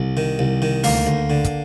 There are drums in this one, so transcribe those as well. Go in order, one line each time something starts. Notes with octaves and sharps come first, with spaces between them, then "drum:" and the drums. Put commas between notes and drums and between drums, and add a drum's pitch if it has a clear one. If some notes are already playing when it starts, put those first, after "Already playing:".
Already playing: C2
D#3
C2
D#3
D2 A#3 A#4, drum: open hi-hat
D2
D3
drum: kick, hi-hat